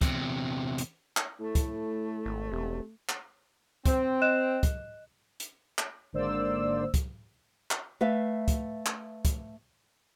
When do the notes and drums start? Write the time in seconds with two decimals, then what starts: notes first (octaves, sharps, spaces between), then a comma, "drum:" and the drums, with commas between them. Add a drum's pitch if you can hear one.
0.01 E2 C3, drum: kick, hi-hat
0.78 drum: hi-hat
1.17 drum: clap
1.40 A2 A3
1.55 drum: kick, hi-hat
2.26 G#1
2.52 E1 C3
3.09 drum: clap
3.86 C4, drum: kick, hi-hat
4.22 D#5 F#6 E7
4.63 drum: kick, hi-hat
5.40 drum: hi-hat
5.78 drum: clap
6.13 G#1 D3 A#3 C5 D5 E6
6.94 drum: kick, hi-hat
7.71 drum: clap
8.01 A3 B4 E5 F5
8.48 drum: kick, hi-hat
8.86 drum: clap
9.25 drum: kick, hi-hat